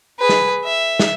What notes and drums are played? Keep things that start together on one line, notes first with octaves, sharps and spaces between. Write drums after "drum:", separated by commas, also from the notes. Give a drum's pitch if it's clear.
G#4 B4
drum: snare
E5
drum: snare